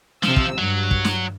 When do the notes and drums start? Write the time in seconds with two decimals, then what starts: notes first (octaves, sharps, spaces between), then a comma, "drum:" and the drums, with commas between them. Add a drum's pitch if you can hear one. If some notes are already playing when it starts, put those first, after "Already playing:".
0.23 C3 F3 E6, drum: snare
0.36 drum: kick
0.58 G2 F#3
0.91 drum: kick
1.05 drum: snare